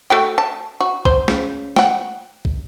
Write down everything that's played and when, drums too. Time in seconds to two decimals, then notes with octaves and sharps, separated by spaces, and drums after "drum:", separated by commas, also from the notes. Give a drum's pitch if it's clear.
0.10 A3 F#4 G5
0.38 A5
0.80 F#4
1.05 C5, drum: kick B1
1.28 C#3, drum: snare
1.76 F#5 G5, drum: snare
2.45 drum: kick B1